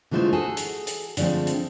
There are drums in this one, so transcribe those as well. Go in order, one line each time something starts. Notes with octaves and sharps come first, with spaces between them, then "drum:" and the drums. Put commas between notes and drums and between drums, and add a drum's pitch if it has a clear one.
D3 E3 G#3 A3 F4 C5
F#4 G#4 A4
drum: hi-hat
drum: hi-hat
D3 F3 G#3 A3 C4, drum: hi-hat
drum: hi-hat